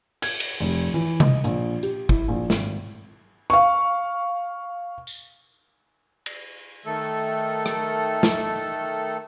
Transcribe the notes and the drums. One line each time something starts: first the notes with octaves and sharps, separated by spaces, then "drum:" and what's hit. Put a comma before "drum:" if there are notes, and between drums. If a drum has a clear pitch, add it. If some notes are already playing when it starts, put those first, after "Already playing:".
G#6, drum: cymbal
drum: cymbal
F1
E3
D#5, drum: tom C3
A#1, drum: hi-hat
G4, drum: hi-hat
E4, drum: kick G1
A#1
G#1, drum: snare
F5 C#6
drum: tambourine
drum: cymbal
D#3 A3 A4
drum: rim click
drum: snare